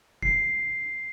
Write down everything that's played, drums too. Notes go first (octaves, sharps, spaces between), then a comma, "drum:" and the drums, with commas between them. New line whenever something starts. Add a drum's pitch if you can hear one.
C7, drum: kick F1